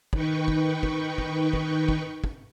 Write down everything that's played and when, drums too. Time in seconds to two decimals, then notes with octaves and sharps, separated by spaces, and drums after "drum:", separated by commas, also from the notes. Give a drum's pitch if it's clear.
0.13 D#3 D#4 B4 G5 C#6, drum: kick
0.48 drum: kick
0.83 drum: kick
1.18 drum: kick
1.53 drum: kick
1.88 drum: kick
2.24 drum: kick